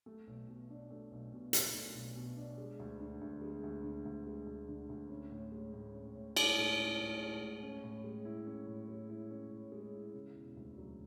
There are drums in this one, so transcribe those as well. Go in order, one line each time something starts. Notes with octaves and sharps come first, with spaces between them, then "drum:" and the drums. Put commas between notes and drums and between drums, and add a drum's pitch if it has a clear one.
A3
B1
B2
D4
A3
B1
B2
D4, drum: hi-hat
A3
B1
B2
D4
G#3
D2
D3
D2
G#3
D2
D3
D2
G#3
D2
D3
D2
C#4
A2
G#3
A2
C#4
A2
G#3, drum: cymbal
A2
C#4
A2
G#3
A2
C#4
A2
G#3
E4
C#4
A2
G#3
E4
C#4
A2
G#3
E4
C#3
E1
D2
F#3